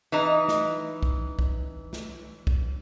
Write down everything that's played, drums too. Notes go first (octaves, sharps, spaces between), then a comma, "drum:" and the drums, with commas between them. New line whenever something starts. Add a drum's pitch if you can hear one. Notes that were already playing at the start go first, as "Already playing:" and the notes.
E3 D#4
drum: snare
drum: kick
drum: kick
drum: snare
drum: kick